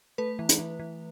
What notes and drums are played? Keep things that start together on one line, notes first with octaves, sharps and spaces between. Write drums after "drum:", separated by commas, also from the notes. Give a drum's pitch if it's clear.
A3 B4
E3
drum: hi-hat
E3
E3